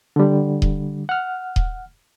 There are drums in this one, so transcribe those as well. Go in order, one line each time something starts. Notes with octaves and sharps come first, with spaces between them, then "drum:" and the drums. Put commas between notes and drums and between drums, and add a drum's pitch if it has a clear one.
D3 G3
drum: kick D#1
F#5 F6
drum: kick D#1